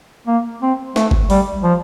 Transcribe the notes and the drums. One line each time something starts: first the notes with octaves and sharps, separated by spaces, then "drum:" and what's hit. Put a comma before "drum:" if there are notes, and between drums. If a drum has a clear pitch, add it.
A#3
C4
A3, drum: snare
drum: kick G1
G3, drum: open hi-hat
F3